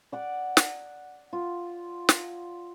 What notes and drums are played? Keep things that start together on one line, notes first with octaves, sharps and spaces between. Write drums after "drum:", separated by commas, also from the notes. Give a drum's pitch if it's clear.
D5 F#5 D6
drum: snare
F4
drum: snare